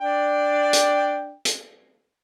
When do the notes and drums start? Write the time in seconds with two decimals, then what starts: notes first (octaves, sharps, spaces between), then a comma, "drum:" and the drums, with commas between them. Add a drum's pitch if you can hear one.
0.01 D4 D5 G5
0.73 drum: hi-hat
1.45 drum: hi-hat